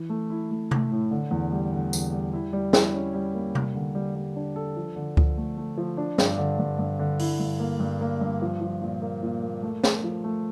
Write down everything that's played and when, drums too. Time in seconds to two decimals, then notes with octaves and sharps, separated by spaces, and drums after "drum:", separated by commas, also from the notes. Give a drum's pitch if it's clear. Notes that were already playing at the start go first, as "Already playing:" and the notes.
Already playing: E3
0.09 A3
0.30 E4
0.51 A3
0.71 A3, drum: tom C3
0.91 A2
1.11 D3
1.31 E2
1.52 G3
1.72 D3
1.93 E2, drum: tambourine
2.12 G3
2.33 E4
2.53 G3
2.73 E4, drum: snare
2.94 C#4
3.14 G3
3.34 A#3
3.55 G3, drum: tom C3
3.75 D3
3.95 G3
4.15 G3
4.36 D4
4.56 A4
4.76 F3
4.96 D3
5.17 F3, drum: kick C#2
5.37 A3
5.57 A3
5.78 F3
5.97 D4
6.18 G2, drum: snare
6.38 D3
6.59 G2
6.79 G2
6.99 D3
7.19 E4, drum: open hi-hat
7.40 G2
7.60 A#3
7.80 G2
8.01 A#3
8.21 G2
8.42 F3
8.61 F3
8.82 A#2
9.02 A#3
9.23 A#2
9.43 A#3
9.63 A3
9.84 A3, drum: snare
10.04 F3
10.24 A3